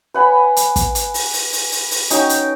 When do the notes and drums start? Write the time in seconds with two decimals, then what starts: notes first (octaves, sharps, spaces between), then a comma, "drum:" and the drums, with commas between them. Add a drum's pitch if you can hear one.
0.14 B4 F#5 G#5 B5
0.56 drum: hi-hat
0.76 drum: kick, hi-hat
0.95 drum: hi-hat
1.14 drum: open hi-hat
1.33 drum: open hi-hat
1.53 drum: open hi-hat
1.72 drum: open hi-hat
1.91 drum: open hi-hat
2.10 C#4 D#4 F#4 G5, drum: hi-hat
2.29 drum: hi-hat